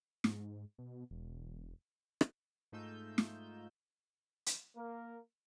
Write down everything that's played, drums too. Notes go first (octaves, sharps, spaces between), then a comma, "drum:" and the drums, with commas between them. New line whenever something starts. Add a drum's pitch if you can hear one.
G#2, drum: snare
B2
E1
drum: rim click
G#2 A3 D#4 F4 E6 G6
drum: snare
drum: hi-hat
A#3 A#4